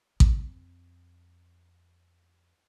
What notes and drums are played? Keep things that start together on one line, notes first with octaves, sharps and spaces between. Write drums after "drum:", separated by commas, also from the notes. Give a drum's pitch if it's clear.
F2 C4, drum: kick A1